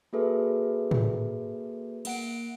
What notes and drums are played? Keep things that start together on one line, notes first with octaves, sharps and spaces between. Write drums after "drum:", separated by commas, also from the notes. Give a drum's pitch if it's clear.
A#3 F#4 G#4 A4 B4 E5
drum: tom
A#3 F#5 D7, drum: cymbal